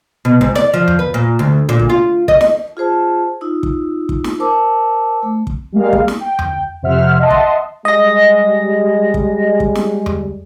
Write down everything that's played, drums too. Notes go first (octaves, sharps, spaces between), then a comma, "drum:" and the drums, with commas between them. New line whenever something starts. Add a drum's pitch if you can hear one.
B2
G#2, drum: kick
D5, drum: snare
F3
drum: tom E2
B4
A#2
D2
A#2
drum: kick
F4
D#5, drum: kick
drum: snare
F4 G#4 C5 A5
D#4 F4 E6
drum: kick
drum: kick
drum: snare
A#4 C5 A5 D6 E6
A3
drum: kick
G3 G#3 A#3 F5
drum: kick
drum: snare
G5
drum: tom E2
F2 C3 C5 E5 F#5 F6
D#5 E5 F#5 A5 C6
drum: kick
G3 G#3 D#5 A#6
drum: kick
drum: kick
drum: snare
drum: tom E2